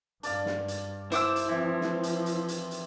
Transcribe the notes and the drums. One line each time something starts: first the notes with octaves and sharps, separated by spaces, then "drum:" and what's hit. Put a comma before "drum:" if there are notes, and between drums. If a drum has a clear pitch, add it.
G2 D4 D5 F5, drum: hi-hat
drum: snare
drum: hi-hat
E4 C5 D6 E6, drum: hi-hat
drum: hi-hat
E3 F3 C4
drum: snare
drum: hi-hat
drum: hi-hat
drum: hi-hat
drum: hi-hat